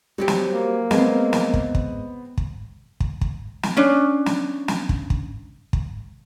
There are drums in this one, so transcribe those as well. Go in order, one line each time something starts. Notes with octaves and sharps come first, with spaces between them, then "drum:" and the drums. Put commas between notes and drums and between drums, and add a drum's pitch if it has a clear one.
F#3 G3 C4 G4
drum: snare
A#3
G#3 B3 C4, drum: snare
drum: snare
drum: kick
drum: kick
drum: kick
drum: kick
drum: kick
drum: snare
C#4 D4
drum: snare
drum: snare
drum: kick
drum: kick
drum: kick